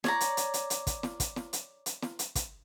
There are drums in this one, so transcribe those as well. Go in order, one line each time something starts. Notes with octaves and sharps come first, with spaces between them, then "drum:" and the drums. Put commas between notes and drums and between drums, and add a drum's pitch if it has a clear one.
C#5 D5 A#5, drum: snare
drum: hi-hat
drum: hi-hat
drum: hi-hat
drum: hi-hat
drum: kick, hi-hat
drum: snare
drum: kick, hi-hat
drum: snare
drum: hi-hat
drum: hi-hat
drum: snare
drum: hi-hat
drum: kick, hi-hat